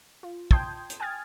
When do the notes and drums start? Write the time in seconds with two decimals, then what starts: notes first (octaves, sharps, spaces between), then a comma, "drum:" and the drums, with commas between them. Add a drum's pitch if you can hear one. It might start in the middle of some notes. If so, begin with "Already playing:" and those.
0.23 F4
0.51 G5 A5 C6 D#6 G6 G#6, drum: kick
0.90 drum: hi-hat
1.00 G5 G#5 D#6 F6 G#6 A6